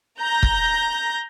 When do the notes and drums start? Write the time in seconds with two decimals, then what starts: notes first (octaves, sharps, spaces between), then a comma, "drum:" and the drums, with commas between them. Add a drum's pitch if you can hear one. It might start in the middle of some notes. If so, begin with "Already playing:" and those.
0.20 A#5 G6 A#6
0.43 drum: kick